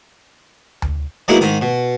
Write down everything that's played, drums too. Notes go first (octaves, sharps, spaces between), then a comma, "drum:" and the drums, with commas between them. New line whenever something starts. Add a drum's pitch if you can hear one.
drum: tom D2
F#3 G#3 A#3 B3 D#4 E4
G#2 D#3, drum: hi-hat
B2